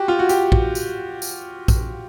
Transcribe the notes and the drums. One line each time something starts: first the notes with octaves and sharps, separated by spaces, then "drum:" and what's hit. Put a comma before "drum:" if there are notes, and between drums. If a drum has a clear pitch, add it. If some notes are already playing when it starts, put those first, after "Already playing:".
Already playing: F#4 G4
F4
F#4
G4, drum: tambourine
drum: kick A#1
drum: tambourine
drum: tambourine
drum: kick A#1, tambourine